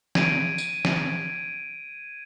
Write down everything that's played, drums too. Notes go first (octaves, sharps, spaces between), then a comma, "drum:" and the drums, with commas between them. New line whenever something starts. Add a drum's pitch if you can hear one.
G#6 D7 D#7, drum: snare
drum: tambourine
drum: snare